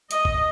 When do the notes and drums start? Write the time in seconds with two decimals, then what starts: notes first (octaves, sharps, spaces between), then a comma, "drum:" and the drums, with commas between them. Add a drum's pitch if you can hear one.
0.11 D#5, drum: hi-hat
0.25 drum: kick